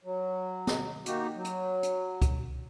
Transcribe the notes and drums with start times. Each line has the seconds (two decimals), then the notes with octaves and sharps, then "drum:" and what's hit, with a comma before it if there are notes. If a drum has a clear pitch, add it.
0.04 F#3
0.67 drum: snare
1.06 A#3 D#4 F#4 G4, drum: hi-hat
1.35 F#3
1.44 drum: hi-hat
1.83 drum: hi-hat
2.22 drum: kick C2, hi-hat